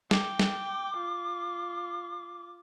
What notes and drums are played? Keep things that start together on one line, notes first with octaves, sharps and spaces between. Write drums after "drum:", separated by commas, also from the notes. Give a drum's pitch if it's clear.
G5 D6, drum: snare
drum: snare
F4